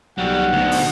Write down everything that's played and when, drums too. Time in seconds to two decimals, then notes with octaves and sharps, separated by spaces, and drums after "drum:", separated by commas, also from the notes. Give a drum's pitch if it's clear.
0.18 B1 F#3 G3 F#5
0.53 D2 B2
0.72 drum: open hi-hat